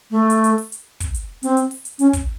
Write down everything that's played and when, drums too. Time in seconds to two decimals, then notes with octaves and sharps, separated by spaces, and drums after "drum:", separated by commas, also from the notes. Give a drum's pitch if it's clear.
0.11 A3
0.30 drum: hi-hat
0.44 drum: hi-hat
0.58 drum: open hi-hat
0.72 drum: hi-hat
1.00 drum: kick, hi-hat
1.14 drum: hi-hat
1.43 C4, drum: hi-hat
1.57 drum: hi-hat
1.71 drum: open hi-hat
1.85 drum: hi-hat
1.99 C#4, drum: hi-hat
2.13 drum: kick, hi-hat